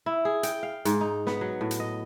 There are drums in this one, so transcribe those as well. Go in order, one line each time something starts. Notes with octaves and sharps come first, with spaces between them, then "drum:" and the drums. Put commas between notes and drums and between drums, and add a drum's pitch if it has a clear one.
E4
G#4
G5, drum: hi-hat
F5
G#2, drum: hi-hat
D#4
B3, drum: snare
F#3
A2
drum: hi-hat
D#5